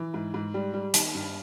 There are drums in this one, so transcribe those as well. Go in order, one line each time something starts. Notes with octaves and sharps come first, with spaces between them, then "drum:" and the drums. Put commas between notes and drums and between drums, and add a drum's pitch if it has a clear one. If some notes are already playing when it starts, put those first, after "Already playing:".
Already playing: E3
G#2
G#2
G3
G3
D#3, drum: hi-hat
G2